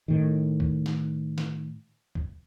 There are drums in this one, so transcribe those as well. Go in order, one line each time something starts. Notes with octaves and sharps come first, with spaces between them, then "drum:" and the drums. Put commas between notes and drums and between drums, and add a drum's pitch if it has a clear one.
A2 D#3
drum: kick C2
drum: snare
drum: snare
drum: kick C2